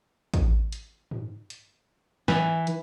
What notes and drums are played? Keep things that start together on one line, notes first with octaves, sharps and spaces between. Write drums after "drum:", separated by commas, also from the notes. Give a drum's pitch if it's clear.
drum: kick, hi-hat
drum: hi-hat
drum: tom
drum: hi-hat
E3, drum: snare
drum: hi-hat